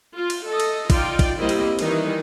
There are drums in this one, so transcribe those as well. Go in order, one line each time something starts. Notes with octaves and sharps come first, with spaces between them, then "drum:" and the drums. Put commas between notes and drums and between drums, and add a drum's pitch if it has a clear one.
F4
drum: cymbal
A4 D#5
drum: cymbal
D#4 F4 D5 G5, drum: kick, cymbal
drum: kick, cymbal
G3 A#3 C4 E4 G4 D#5
drum: cymbal
D#3 E3 G3 D#4, drum: cymbal